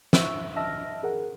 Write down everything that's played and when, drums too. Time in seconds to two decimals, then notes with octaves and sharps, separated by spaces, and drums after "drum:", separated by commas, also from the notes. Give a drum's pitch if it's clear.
0.13 E5 C#6 E6, drum: snare
0.56 D#5 E5 A5 E6 F6 A#6
1.03 G#4 A#4 F#5